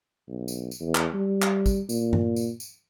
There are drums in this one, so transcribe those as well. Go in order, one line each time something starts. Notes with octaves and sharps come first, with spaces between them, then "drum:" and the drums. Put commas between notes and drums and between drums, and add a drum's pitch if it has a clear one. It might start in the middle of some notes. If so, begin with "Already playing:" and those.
B1
drum: tambourine
drum: tambourine
E2
drum: clap
G3
drum: clap
drum: kick, tambourine
A#2, drum: tambourine
drum: tom G2
drum: tambourine
drum: tambourine